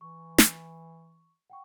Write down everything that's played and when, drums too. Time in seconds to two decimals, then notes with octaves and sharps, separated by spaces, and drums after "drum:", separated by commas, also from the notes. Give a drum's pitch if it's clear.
0.01 E3 C#6
0.38 drum: snare
1.50 F#5 G5 C#6